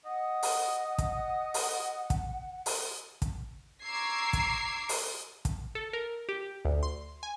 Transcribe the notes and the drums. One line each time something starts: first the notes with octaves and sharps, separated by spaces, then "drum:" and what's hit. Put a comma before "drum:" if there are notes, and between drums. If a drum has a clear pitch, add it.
D#5 F#5
drum: open hi-hat
drum: kick, hi-hat
drum: open hi-hat
drum: kick, hi-hat
drum: open hi-hat
drum: kick, hi-hat
A#5 C#6 D6 E6 G#6 C7
drum: kick, hi-hat
drum: open hi-hat
drum: kick, hi-hat
A4
A#4
G4
D2
C6
G#5